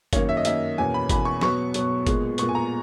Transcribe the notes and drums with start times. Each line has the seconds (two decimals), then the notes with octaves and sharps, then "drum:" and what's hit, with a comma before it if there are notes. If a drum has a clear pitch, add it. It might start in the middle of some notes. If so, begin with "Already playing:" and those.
0.13 F#2 D#3 A#3 C#5, drum: kick G1, hi-hat
0.29 E5
0.37 D#5
0.45 F#2 D#3 A#3 E5, drum: hi-hat
0.78 E2 B2 A#3 C#4 G#5
0.94 B5
1.09 E2 B2 A#3 C#4 B5, drum: kick G1, hi-hat
1.25 C#6
1.41 B2 F#3 B3 C#6, drum: snare
1.74 B2 F#3 B3, drum: hi-hat
2.07 A#2 G#3 B3, drum: kick G1, hi-hat
2.38 A#2 G#3 B3 C#6, drum: hi-hat
2.49 G#5
2.55 A#5